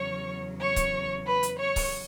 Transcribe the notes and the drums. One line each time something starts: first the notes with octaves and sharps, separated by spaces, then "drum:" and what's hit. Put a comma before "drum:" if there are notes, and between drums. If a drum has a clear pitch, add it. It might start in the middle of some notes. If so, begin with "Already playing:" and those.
Already playing: E2 C#3 F#3 C#5 C#6
C#5 C#6
drum: kick C#1, hi-hat
B4 B5
drum: hi-hat
C#5 C#6
drum: kick C#1, open hi-hat